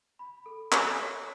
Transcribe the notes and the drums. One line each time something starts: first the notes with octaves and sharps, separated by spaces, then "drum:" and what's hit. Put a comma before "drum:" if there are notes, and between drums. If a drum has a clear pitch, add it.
B5
A4
G#5, drum: clap
C#5